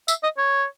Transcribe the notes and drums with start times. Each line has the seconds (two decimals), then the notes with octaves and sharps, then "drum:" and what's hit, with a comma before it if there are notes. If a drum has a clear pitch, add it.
0.08 E5, drum: tambourine
0.23 D#5
0.38 C#5